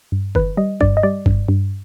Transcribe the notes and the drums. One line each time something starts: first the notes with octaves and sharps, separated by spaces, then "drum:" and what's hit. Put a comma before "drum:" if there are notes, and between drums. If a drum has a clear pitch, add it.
G2
D#3 B4, drum: kick
G3 D#5
G2 D5, drum: kick
D#5
G3 D5
G2, drum: kick
G2